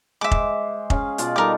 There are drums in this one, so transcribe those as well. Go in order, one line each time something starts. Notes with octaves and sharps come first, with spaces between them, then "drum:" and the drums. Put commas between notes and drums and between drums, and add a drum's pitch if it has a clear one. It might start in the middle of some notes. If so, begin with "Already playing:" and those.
G#3 C5 E5 D6
drum: kick F1
C#4 G#4 F5, drum: kick F1
B2 F4 D5, drum: hi-hat
G3 D#4 A4 A#4 D6